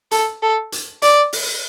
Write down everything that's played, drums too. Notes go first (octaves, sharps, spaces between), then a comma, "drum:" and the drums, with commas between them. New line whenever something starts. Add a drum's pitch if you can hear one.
A4, drum: hi-hat
A4
drum: hi-hat
D5, drum: hi-hat
drum: open hi-hat